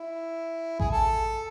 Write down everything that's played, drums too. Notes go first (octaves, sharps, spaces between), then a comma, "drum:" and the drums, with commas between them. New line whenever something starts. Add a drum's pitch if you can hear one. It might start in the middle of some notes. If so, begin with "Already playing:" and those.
Already playing: E4
G#4, drum: kick A1
A4